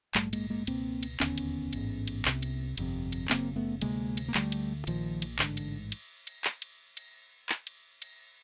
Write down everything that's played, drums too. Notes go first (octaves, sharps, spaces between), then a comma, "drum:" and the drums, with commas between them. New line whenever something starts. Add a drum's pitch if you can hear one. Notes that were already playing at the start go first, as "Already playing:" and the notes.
A#1 G#2 G3 A3, drum: clap
G#3 A#3, drum: cymbal
G#3 A#3
C#2 B2 A#3 C4, drum: cymbal
drum: cymbal
E1 D#2 D3 B3 C#4, drum: clap
drum: cymbal
A1 G#2, drum: cymbal
drum: cymbal
C2 C3, drum: clap
drum: cymbal
G1 F2 C3, drum: cymbal
drum: cymbal
F#1 F#2 C#3 A#3 C4, drum: clap
A3 B3
D2 C3 G#3 A#3, drum: cymbal
drum: cymbal
A#3
D2 D3 G3 A3, drum: clap
drum: cymbal
A#1 A#2 D#3 F3, drum: cymbal
drum: cymbal
A1 G#2 D3, drum: clap
drum: cymbal
drum: cymbal
drum: cymbal
drum: clap
drum: cymbal
drum: cymbal
drum: clap
drum: cymbal
drum: cymbal